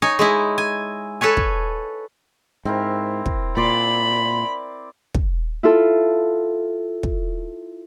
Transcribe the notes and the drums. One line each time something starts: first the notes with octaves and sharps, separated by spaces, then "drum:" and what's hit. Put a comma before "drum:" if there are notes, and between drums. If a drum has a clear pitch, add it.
D#4 C#5 G#5
G#3 D#4 E4
G#5
A4 B4 C#5 G#5
drum: kick
G#2 C4 E4 A#4
drum: kick
A#2 D5 B5 C6 D6
drum: kick
E4 F4 A4
drum: kick